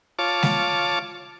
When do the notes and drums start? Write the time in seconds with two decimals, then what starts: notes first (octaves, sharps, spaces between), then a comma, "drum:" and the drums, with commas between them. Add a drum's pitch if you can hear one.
0.19 F4 C#5 A5 D6
0.43 drum: snare G#3